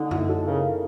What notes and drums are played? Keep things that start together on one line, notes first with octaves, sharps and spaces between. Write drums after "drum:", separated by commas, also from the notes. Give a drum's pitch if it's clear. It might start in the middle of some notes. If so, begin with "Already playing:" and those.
Already playing: D3 D#4
E4, drum: tom F#2
A4
C#3 A#4